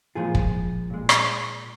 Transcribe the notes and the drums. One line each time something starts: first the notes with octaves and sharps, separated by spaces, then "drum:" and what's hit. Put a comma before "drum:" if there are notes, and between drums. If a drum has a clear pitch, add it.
A#2 F3 G#3 F4 G#4
drum: kick
A#2 G#3
drum: rim click